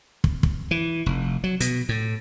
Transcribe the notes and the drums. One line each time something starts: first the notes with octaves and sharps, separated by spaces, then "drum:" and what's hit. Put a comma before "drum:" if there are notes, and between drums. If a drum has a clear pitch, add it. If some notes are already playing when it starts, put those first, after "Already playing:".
drum: kick
drum: kick
E3
F1
F#3
B2, drum: hi-hat
A2